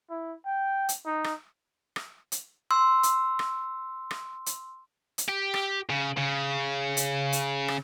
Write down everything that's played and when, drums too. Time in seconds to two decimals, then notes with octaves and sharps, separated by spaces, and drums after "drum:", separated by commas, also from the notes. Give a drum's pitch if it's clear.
0.10 E4
0.46 G5
0.89 drum: hi-hat
1.06 D#4
1.24 drum: rim click
1.96 drum: rim click
2.32 drum: hi-hat
2.71 C6 E6
3.03 drum: hi-hat
3.39 drum: rim click
4.11 drum: rim click
4.46 drum: hi-hat
5.18 drum: hi-hat
5.28 G4
5.54 drum: rim click
5.89 C#3
6.18 C#3
6.97 drum: hi-hat
7.33 drum: hi-hat
7.68 drum: rim click